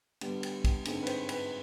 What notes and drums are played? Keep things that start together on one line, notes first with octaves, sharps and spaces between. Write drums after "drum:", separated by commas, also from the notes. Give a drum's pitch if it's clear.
D3 G3 B3, drum: cymbal
drum: cymbal
drum: kick, cymbal
G2 D3 G#3 C4 D#4, drum: cymbal
B4
C5, drum: cymbal
B4, drum: cymbal